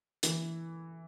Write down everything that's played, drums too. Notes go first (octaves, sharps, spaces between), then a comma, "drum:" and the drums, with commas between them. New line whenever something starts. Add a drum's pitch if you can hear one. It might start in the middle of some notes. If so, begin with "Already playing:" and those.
E3, drum: hi-hat